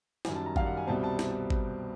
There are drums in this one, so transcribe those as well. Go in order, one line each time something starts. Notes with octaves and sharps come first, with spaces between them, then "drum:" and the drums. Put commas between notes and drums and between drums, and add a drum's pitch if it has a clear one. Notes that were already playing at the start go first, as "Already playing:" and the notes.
F#2 D#3 G3 G#5, drum: snare
A5
A#5
F#2 D#3 G3 F5, drum: kick G#1
F#5
G#5
C2 B2 G3 C4 A5
A5
drum: snare
drum: kick G#1